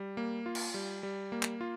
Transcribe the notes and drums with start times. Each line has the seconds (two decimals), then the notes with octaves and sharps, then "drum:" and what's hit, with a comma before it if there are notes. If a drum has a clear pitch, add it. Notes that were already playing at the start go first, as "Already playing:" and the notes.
Already playing: G3
0.17 A#3
0.46 F4
0.55 drum: cymbal
0.74 G3
1.03 G3
1.32 A#3
1.43 drum: clap
1.61 F4